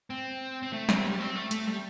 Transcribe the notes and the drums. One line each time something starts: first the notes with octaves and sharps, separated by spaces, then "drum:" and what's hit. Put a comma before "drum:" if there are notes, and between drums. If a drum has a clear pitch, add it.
C4
C4
A3
C4, drum: snare
G3
C4
A3
A3, drum: hi-hat
G3